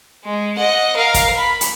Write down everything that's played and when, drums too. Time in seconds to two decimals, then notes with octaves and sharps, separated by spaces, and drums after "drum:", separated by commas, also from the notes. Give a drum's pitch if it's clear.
0.24 G#3
0.56 D#5 F#5
0.96 A#4 F5
1.14 drum: kick, hi-hat
1.38 B5
1.61 drum: hi-hat